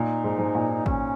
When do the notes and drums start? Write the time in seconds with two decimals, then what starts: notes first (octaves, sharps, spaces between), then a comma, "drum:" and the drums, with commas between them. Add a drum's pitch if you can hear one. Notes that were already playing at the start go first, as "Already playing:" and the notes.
Already playing: A#2 D#4
0.24 G#2
0.38 G#2
0.55 A#2
0.86 C#4, drum: kick G#1